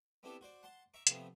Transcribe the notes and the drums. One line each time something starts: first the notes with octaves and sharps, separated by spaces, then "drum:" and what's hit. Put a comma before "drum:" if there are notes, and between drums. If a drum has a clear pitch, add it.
B3 C4 D4 E4 G4 A4
F#4 C5 D5
F#5 A5 C6
E5 A#5 C#6 D6
C3 F3 A3 B3 C4, drum: hi-hat